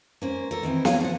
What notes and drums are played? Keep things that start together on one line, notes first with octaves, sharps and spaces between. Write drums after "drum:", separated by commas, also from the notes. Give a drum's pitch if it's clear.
A#3 C#4 C5
A4 A#4
D#3 E3 C4 E4
A#3 F4 G#4 C#5 F5, drum: snare
F3 F#5